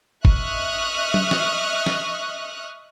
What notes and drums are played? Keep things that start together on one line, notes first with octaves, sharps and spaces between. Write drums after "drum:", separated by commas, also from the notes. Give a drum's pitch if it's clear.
D#5 E5 C#6 D#6 F6 F#6, drum: kick
drum: tom F#3
drum: snare
drum: snare